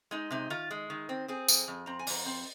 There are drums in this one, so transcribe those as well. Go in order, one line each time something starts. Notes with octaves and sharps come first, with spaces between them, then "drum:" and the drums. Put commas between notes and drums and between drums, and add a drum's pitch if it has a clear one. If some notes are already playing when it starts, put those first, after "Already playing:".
G#3 D#4
C3 D#4
D#3 F4
G#3
D#3
C4
C4 G#4
F2, drum: tambourine
F2
C4 A#5
G#5
F2 A#5, drum: open hi-hat
C4